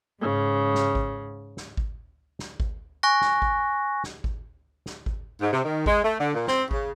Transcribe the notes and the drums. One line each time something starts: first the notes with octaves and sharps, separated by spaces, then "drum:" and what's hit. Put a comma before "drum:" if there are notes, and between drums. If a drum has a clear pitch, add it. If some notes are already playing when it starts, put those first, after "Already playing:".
G#2 C#3
drum: snare
drum: kick G#1
drum: snare
drum: kick G#1
drum: snare
drum: kick G#1
G#5 C#6 F#6 A#6
drum: snare
drum: kick G#1
drum: snare
drum: kick G#1
drum: snare
drum: kick G#1
G#2
C3
D#3
G#3, drum: kick G#1
A3
D3
A#2
C4, drum: snare
C#3, drum: kick G#1